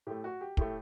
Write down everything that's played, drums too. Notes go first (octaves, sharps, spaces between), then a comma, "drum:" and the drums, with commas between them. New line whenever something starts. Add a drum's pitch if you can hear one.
A2 A3 G4
F#4
G4
A2 A3 G4, drum: kick